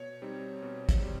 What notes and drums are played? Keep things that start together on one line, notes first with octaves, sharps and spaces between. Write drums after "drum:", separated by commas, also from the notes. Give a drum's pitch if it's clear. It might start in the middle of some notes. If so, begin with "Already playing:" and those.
Already playing: B2 C#5
G3 C4 D#4
B2
drum: kick, hi-hat
G3 C4